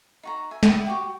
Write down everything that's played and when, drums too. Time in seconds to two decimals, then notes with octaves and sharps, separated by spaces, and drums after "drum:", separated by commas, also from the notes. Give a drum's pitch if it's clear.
0.23 D#4 F#4 A#5
0.51 E5 G#5
0.63 E4 F#5 G5 D#6, drum: snare
0.86 F#4 G4 G5